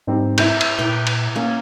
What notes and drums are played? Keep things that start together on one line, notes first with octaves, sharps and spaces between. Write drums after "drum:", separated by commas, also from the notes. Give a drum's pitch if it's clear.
G#2 G3 C4 D#4
E4 A#4 C#5 G6, drum: cymbal
drum: cymbal
A#2 E4 B4 G5
drum: cymbal
A#3 C#4